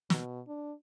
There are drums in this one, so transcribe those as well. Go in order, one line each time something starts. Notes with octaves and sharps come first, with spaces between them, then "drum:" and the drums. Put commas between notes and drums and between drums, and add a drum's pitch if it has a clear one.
B2, drum: snare
D4